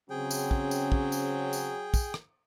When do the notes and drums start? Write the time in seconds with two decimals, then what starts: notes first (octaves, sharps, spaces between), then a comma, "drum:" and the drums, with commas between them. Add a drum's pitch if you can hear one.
0.10 C#3 F#3 C4 C#4 G#4 G5
0.31 drum: tambourine
0.51 drum: kick
0.71 drum: tambourine
0.92 drum: kick
1.12 drum: tambourine
1.53 drum: tambourine
1.94 drum: kick, tambourine
2.14 drum: rim click